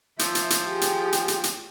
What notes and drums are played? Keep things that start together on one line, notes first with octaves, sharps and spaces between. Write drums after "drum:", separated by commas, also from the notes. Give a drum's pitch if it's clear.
F3 E5, drum: hi-hat
drum: hi-hat
drum: hi-hat
G4 G#4
drum: hi-hat
drum: hi-hat
drum: hi-hat
drum: hi-hat